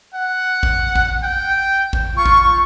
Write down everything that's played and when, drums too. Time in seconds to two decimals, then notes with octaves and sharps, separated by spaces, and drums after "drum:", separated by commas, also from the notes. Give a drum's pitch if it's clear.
0.14 F#5
0.63 drum: kick
0.96 drum: kick
1.23 G5
1.93 drum: kick
2.16 F4 C#6
2.26 drum: kick